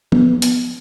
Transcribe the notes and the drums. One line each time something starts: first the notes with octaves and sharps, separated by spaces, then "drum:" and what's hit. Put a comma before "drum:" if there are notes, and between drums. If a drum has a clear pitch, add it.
B3, drum: tom F3
drum: hi-hat